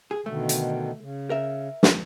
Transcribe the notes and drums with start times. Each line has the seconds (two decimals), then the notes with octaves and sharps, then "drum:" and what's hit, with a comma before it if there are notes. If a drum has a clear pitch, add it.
0.11 G#4
0.26 B2 D3 D#3 A3
0.49 drum: hi-hat
1.00 C#3
1.30 A#4 E5
1.83 drum: snare